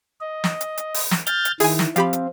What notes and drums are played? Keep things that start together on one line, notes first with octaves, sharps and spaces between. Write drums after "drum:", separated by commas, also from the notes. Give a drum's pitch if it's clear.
D#5
drum: snare
drum: hi-hat
drum: hi-hat
drum: open hi-hat
drum: snare
F6 G6 A6, drum: hi-hat
drum: hi-hat
D#3 E4 G#4 G#5, drum: open hi-hat
drum: snare
F3 C4 G4 F5 B5, drum: hi-hat
drum: hi-hat